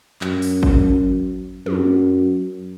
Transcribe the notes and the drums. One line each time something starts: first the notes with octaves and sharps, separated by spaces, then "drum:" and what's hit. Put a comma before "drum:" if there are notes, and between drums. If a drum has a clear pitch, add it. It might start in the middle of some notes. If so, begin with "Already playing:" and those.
F#2, drum: clap
drum: open hi-hat
drum: kick
F#2, drum: tom